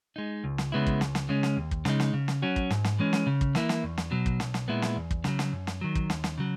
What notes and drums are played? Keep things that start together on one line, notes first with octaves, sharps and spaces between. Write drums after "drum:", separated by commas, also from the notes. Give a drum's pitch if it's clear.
G#3 D#4
C#2
drum: snare
C#3 G#3 B3 E4
drum: kick
C#2, drum: snare
drum: snare
C#3 G#3 C#4
drum: snare
D#2
drum: kick
C#3 G#3 D#4, drum: snare
drum: snare
C#3
drum: snare
F#3 C#4 F#4
drum: kick
G#2, drum: snare
drum: snare
E3 G#3 C#4
drum: snare
C#3
drum: kick
E3 A#3 E4, drum: snare
drum: snare
E2
drum: snare
B2 F#3
drum: kick
B1, drum: snare
drum: snare
A#2 G#3 B3 E4
drum: snare
E2
drum: kick
C#3 F#3, drum: snare
drum: snare
F#2
drum: snare
D#3 F#3
drum: kick
D#2, drum: snare
drum: snare
C#3 F#3